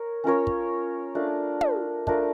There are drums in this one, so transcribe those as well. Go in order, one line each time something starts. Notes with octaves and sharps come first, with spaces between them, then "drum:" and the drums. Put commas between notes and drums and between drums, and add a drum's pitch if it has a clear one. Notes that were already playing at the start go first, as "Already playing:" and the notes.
Already playing: A#4 C#5
C#4 F4 A#4 C#5
drum: kick
A3 D4 F4 A#4
drum: tom
A3 D4 F4 A#4, drum: kick